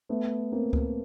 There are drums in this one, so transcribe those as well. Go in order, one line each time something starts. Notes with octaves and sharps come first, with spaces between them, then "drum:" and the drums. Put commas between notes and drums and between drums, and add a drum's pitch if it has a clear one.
A3 B3
A#3 C4
drum: kick C#2